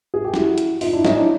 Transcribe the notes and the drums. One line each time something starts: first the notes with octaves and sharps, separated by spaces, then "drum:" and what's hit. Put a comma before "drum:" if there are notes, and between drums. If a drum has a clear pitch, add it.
G#4
G4
E4 F#4, drum: snare
drum: hi-hat
D#4 F4, drum: open hi-hat
D4 E4
C#4 D#4, drum: snare
D4 E4